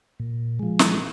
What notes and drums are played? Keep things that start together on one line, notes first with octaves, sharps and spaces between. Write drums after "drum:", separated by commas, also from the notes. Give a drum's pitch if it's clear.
A#2
F3 G#3
drum: snare